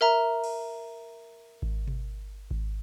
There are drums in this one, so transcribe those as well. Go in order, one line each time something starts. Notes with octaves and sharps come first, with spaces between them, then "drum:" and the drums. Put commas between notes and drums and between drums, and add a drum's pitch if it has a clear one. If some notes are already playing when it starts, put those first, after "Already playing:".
A#4 E5 A#5
drum: cymbal
drum: kick G#1
drum: tom B2
drum: kick G#1